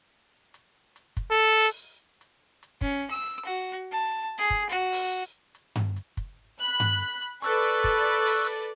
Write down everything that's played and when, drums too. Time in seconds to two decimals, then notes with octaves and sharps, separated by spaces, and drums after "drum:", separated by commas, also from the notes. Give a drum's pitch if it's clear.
0.54 drum: hi-hat
0.96 drum: hi-hat
1.17 drum: kick, hi-hat
1.31 A4
1.58 drum: open hi-hat
2.21 drum: hi-hat
2.63 drum: hi-hat
2.81 C#4, drum: kick
3.11 E6
3.45 F#4
3.92 A5
4.38 G#4
4.50 drum: kick, hi-hat
4.70 F#4
4.92 drum: open hi-hat
5.55 drum: hi-hat
5.76 drum: tom G2
5.96 drum: hi-hat
6.17 drum: kick, hi-hat
6.57 B5 F#6
6.80 drum: tom G2
7.22 drum: hi-hat
7.42 A4 B4 D5 C#6 E6 F#6
7.63 drum: hi-hat
7.84 drum: kick, hi-hat
8.26 drum: open hi-hat